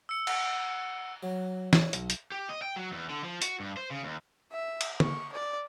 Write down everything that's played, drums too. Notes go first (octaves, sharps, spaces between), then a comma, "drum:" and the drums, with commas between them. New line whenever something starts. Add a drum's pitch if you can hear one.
E6 C#7
F#5, drum: cymbal
F#3
C#5, drum: snare
B1, drum: hi-hat
drum: hi-hat
G4
D#5
G5
F#3
E2
D3
F3
F#4, drum: hi-hat
G2
C5
C#3
D#2
E5
drum: cymbal
C#6, drum: tom D3
D5